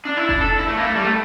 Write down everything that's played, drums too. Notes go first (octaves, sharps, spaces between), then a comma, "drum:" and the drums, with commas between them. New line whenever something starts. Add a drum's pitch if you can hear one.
D4
E4
D4, drum: kick F1
A4
E4
A3
A#3
A3
G3
A3